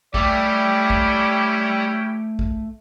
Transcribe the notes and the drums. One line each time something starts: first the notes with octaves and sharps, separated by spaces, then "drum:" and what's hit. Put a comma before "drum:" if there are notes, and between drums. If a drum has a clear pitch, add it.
G3 A3 C#4 E4 G4 D5, drum: kick
drum: kick
drum: kick